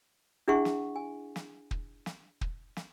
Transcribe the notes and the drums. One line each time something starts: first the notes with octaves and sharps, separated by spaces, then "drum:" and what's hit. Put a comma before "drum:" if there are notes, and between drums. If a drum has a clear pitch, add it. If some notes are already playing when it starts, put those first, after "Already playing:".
D4 E4 G#4 E5 F#5 C#6
drum: snare
G#5
drum: snare
drum: kick
drum: snare
drum: kick
drum: snare